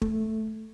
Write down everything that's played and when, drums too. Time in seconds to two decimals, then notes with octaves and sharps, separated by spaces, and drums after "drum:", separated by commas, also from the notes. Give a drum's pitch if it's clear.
0.02 A3, drum: kick